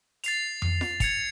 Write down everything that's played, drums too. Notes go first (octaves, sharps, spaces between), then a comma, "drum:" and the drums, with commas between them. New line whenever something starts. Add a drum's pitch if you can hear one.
A6 C7 F7, drum: hi-hat
drum: tom F2
drum: snare F4
G#6 C#7 F7, drum: kick, hi-hat